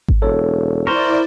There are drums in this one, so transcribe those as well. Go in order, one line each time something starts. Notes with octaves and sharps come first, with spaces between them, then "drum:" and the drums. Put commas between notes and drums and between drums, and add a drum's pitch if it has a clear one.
drum: kick G#1
E1 A4 C#5
E4 A#4 C5 D5 C#6